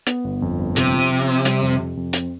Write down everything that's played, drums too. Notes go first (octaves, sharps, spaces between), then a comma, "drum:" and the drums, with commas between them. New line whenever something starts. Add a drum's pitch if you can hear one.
B3, drum: hi-hat
G1
F2
G1
C3 F3, drum: hi-hat
F3
F3
C4
G3, drum: hi-hat
F2
C3
F2
C4, drum: hi-hat